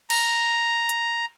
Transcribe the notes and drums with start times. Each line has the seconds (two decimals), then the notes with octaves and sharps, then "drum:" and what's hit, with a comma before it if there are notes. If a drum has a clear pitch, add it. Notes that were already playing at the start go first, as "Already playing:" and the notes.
0.10 A#5, drum: cymbal
0.89 drum: hi-hat